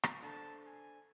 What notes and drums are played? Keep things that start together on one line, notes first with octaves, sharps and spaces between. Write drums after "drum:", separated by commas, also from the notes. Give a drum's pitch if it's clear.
drum: rim click
D4 A4 C5 A5
G#5